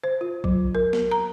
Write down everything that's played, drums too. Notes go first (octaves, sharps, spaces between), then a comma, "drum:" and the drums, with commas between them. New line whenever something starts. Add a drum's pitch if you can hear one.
C5
F4
F#3, drum: kick
A#4
drum: snare
A#5